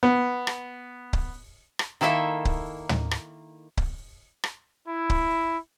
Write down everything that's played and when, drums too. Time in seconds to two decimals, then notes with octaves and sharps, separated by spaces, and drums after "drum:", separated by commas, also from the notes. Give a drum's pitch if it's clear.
0.03 B3
0.47 drum: rim click
1.13 drum: kick C#1
1.79 drum: rim click
2.01 D#3 A#3 E4 A4 E5
2.45 drum: kick C#1
2.89 drum: tom
3.11 drum: rim click
3.77 drum: kick C#1
4.44 drum: rim click
4.88 E4
5.10 drum: kick C#1